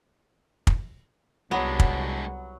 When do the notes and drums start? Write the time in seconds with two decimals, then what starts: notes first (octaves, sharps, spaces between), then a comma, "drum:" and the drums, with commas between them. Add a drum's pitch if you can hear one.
0.67 drum: kick
1.51 C2 F#3 G#3 B3 D4 F#5
1.79 drum: kick